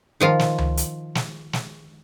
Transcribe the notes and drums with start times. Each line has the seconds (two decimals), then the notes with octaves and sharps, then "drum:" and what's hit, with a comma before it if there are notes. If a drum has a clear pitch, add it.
0.20 D#3 F3 F4
0.39 drum: snare
0.58 drum: tom C#2
0.77 drum: hi-hat
1.15 drum: snare
1.53 drum: snare